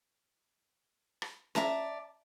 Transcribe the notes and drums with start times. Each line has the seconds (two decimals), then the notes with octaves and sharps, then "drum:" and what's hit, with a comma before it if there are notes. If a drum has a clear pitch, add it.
1.22 drum: rim click
1.55 D5 E5 A5 A#5, drum: snare C#4